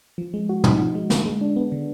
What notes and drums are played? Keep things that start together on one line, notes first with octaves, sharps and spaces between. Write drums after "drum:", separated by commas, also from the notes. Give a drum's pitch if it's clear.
F3
G#3
F#4
D#4, drum: tom
F3
G#3
D3, drum: snare
G#3
D4
B3
D3